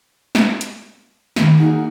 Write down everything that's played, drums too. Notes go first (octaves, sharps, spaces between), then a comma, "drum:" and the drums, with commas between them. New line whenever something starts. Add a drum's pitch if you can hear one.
drum: snare
drum: hi-hat
D#3 A#3 E4, drum: snare
A#3 D#4 F#4 G#4